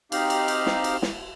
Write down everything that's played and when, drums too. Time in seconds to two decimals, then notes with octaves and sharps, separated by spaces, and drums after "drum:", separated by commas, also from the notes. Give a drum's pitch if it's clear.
0.12 C4 D#4 G4 F5, drum: cymbal
0.30 drum: cymbal
0.48 drum: cymbal
0.66 drum: snare
0.84 drum: cymbal
1.02 drum: snare